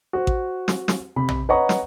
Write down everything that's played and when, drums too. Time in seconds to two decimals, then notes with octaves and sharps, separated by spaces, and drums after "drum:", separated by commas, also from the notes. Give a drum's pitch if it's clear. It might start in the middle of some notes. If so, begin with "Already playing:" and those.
0.13 F#4 C5
0.27 drum: kick A1
0.68 drum: snare
0.88 drum: snare
1.16 C3 B5
1.29 drum: tom A#1
1.49 B4 C#5 D#5 F#5 A#5 C#6
1.69 drum: snare